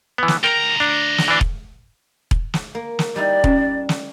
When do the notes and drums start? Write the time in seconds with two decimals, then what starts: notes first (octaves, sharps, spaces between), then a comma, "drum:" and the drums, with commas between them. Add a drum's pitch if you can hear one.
0.18 E3 B3
0.28 drum: snare
0.44 D2 A#4 G5 A#5
0.80 D4
1.18 drum: snare
1.28 E3 D4
1.41 drum: kick E1
2.31 drum: kick E1
2.54 drum: snare
2.75 A#3
2.99 drum: snare
3.16 G3 D#4 E4 D5
3.44 C#4, drum: kick E1
3.89 drum: snare